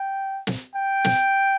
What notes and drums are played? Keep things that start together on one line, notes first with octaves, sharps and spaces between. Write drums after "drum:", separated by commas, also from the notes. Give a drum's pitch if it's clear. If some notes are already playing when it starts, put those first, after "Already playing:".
Already playing: G5
drum: snare
G5
drum: snare